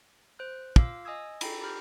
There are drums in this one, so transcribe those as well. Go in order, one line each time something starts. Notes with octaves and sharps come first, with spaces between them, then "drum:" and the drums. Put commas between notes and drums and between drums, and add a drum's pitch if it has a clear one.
C5 F#6
F4 F5 D6 E6, drum: kick
D#5 G#5 D#6 E6 G#6
A4 G5 A#5 B5, drum: cymbal
G4 A#5 B5 F6 G6